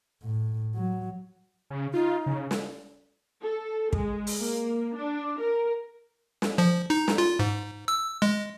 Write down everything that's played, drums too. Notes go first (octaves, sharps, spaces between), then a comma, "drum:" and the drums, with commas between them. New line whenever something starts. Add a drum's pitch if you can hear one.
A2
F#3
C#3
D#4 F4
C#3
drum: snare
A4
G#3, drum: kick
drum: open hi-hat
A#3
D4
A#4
drum: snare
F3
D#4
drum: snare
F4
G#2
E6
G#3